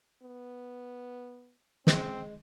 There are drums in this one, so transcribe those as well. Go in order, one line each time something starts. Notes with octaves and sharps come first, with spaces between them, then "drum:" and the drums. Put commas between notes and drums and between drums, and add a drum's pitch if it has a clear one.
B3
G#3 C4, drum: snare